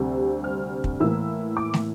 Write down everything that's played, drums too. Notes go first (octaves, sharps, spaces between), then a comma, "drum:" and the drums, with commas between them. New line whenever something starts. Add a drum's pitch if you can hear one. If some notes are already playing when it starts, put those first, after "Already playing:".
Already playing: D2 C3 G3 C4
F6
drum: kick
A2 E3 A#3 E4 E6
D6
drum: snare